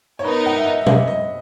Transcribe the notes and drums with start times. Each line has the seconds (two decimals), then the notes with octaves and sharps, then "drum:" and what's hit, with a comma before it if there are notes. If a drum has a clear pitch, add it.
0.19 C#5
0.24 B3 D#4 A#4 B4
0.46 F#5
0.56 E5
0.66 D#5
0.81 E5
0.86 D#5, drum: tom B2
1.07 D#5